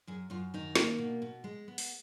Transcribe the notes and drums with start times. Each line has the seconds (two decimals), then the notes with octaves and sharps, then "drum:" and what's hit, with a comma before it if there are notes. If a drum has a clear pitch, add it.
0.07 F#2 G#4
0.30 F#2 F4
0.54 D#3 D#4
0.75 A#3, drum: snare
0.98 B2
1.22 B2
1.44 G#3
1.68 B3
1.78 drum: open hi-hat